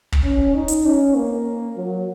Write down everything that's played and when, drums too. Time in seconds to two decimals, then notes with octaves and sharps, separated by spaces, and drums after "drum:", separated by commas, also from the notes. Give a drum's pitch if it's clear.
0.12 drum: kick
0.24 C#4
0.55 D#4
0.68 drum: hi-hat
0.86 C#4
1.16 A#3
1.77 F#3